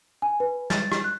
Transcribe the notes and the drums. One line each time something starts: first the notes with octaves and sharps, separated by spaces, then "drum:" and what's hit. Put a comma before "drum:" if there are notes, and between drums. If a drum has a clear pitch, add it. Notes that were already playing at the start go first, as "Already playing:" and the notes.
G#5
B4
A6, drum: snare
drum: rim click
F#6